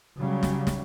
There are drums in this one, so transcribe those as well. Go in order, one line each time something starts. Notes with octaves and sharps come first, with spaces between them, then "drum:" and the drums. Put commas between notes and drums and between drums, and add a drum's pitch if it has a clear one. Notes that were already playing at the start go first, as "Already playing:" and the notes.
C#3 F#3 G3
drum: snare
drum: snare